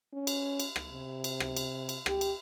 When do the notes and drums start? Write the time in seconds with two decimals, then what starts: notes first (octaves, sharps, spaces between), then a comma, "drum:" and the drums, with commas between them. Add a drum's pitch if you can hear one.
0.13 C#4
0.27 drum: cymbal
0.60 drum: cymbal
0.76 drum: rim click
0.92 C3
1.24 drum: cymbal
1.40 drum: rim click
1.57 drum: cymbal
1.89 drum: cymbal
2.06 G4, drum: rim click
2.21 drum: cymbal